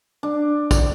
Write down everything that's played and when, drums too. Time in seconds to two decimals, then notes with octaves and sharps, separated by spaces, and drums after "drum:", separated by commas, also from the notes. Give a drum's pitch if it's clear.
0.23 D4
0.71 D5, drum: kick, tambourine